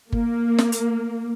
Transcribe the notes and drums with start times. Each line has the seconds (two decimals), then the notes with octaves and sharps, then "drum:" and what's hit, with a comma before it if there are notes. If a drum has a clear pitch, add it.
0.12 A#3, drum: kick G1
0.58 drum: snare
0.72 drum: hi-hat